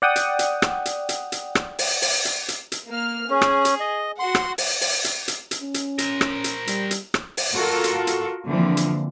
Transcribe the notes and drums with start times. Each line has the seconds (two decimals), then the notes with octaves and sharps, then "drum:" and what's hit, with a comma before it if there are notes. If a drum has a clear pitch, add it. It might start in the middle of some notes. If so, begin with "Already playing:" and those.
0.02 D5 F#5 G5 D#6
0.16 drum: hi-hat
0.39 drum: hi-hat
0.62 drum: rim click
0.85 drum: hi-hat
1.09 drum: hi-hat
1.32 drum: hi-hat
1.55 drum: rim click
1.79 drum: open hi-hat
2.02 drum: open hi-hat
2.25 drum: hi-hat
2.48 drum: hi-hat
2.72 drum: hi-hat
2.88 A#3 F6
3.30 C#4 G#4
3.42 drum: rim click
3.65 drum: hi-hat
3.80 D#5
4.19 F#4 F#5 C6
4.35 drum: rim click
4.58 drum: open hi-hat
4.81 drum: open hi-hat
5.04 drum: hi-hat
5.28 drum: hi-hat
5.51 drum: hi-hat
5.61 C#4
5.74 drum: hi-hat
5.98 A#4 C5, drum: hi-hat
6.21 drum: rim click
6.44 drum: hi-hat
6.67 G3, drum: hi-hat
6.91 drum: hi-hat
7.14 drum: rim click
7.37 drum: open hi-hat
7.53 F4 F#4 A4 A#4
7.84 drum: hi-hat
8.07 drum: hi-hat
8.48 D3 E3 F3 A#3 C4
8.77 drum: hi-hat